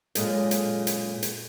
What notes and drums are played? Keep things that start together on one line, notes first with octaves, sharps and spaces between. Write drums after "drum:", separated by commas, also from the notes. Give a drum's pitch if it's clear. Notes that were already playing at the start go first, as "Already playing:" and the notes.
F#2 A#2 G#3 A4 D#5, drum: hi-hat
drum: hi-hat
drum: hi-hat
drum: hi-hat